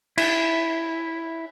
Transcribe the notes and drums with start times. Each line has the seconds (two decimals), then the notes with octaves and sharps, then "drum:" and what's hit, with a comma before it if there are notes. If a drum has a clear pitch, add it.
0.18 E4, drum: cymbal